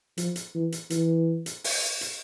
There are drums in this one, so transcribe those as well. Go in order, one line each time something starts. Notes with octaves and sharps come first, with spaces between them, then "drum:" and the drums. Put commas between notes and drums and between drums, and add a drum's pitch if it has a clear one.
F3, drum: hi-hat
drum: hi-hat
E3
drum: hi-hat
E3, drum: hi-hat
drum: hi-hat
drum: open hi-hat
drum: hi-hat